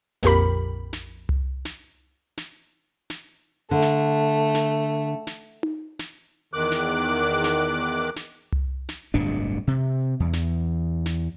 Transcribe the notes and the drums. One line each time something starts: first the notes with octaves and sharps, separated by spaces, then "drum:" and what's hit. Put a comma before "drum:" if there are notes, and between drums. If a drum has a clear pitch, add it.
A#1 F2 G4 A#4 B5, drum: snare
drum: snare
drum: tom C2
drum: snare
drum: snare
drum: snare
D3 A3
drum: snare
drum: snare
drum: snare
drum: tom D#4
drum: snare
E2 D#3 D6 F#6
drum: snare
drum: snare
drum: snare
drum: tom C2
drum: snare
D1 G1 B2 D4
C3
E2
drum: snare
drum: snare